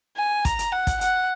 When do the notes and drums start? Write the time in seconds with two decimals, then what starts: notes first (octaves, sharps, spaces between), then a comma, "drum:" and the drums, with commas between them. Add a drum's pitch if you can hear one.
0.17 G#5
0.45 A#5, drum: kick, hi-hat
0.59 drum: hi-hat
0.73 F#5
0.87 drum: kick, hi-hat
1.01 F#5, drum: hi-hat